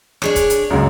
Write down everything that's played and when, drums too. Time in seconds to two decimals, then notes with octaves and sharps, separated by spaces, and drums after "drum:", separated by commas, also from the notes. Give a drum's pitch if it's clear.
0.22 D4 G#4 C#5, drum: rim click
0.36 drum: kick, hi-hat
0.50 drum: hi-hat
0.70 C#2 F#2